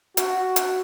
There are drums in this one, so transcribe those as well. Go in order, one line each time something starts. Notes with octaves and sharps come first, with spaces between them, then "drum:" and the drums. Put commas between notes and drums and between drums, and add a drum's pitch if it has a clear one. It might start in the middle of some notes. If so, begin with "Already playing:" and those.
F#4, drum: hi-hat
drum: hi-hat